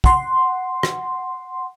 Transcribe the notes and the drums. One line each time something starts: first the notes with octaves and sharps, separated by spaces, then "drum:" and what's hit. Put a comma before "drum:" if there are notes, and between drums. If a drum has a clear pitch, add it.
F#5 C6, drum: kick
drum: rim click